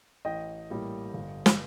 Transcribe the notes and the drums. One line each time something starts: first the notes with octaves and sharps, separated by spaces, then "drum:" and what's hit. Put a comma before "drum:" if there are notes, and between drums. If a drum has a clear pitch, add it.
A1 D#5 G5
A2 G3 A#3
G1
drum: snare